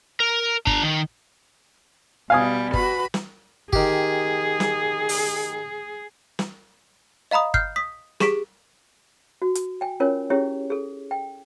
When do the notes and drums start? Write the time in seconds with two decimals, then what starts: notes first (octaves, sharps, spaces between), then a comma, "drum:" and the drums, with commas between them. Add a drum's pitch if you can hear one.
0.20 A#4
0.67 D4 A#5, drum: kick G1
0.83 D#3
2.30 B2 G3 F5 G#5 D#6
2.74 F#4 B4 B5, drum: kick G1
3.14 drum: snare
3.73 D#3 G4 G#4, drum: kick G1
4.60 drum: snare
5.09 drum: open hi-hat
6.39 drum: snare
7.31 D#5 F5 A#5 B5 D#6
7.54 F6 G6 C7, drum: kick G1
7.76 D#6 B6
8.20 G4 G#4 C#6 B6 D7, drum: snare
9.42 F#4
9.55 drum: hi-hat
9.81 G5 G#5
10.00 C#4 F4 A#4 C#5 G#5
10.30 C#4 E4 G4 G#4 C#5
10.70 G#4 A4
11.11 G5